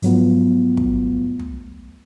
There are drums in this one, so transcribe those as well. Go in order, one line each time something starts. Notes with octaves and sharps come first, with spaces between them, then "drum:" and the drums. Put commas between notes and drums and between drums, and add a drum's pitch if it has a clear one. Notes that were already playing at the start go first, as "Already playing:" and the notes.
G#2 F3 F#3 A3 B3 F4, drum: hi-hat
drum: kick
drum: tom